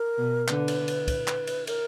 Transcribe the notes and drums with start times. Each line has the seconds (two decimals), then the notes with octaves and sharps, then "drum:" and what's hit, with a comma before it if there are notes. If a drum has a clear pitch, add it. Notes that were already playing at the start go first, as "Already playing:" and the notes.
Already playing: A#4
0.18 B2
0.48 D3 B4, drum: clap
0.68 drum: cymbal
0.88 drum: cymbal
1.08 drum: kick, cymbal
1.27 drum: clap
1.47 drum: cymbal
1.67 A#4, drum: cymbal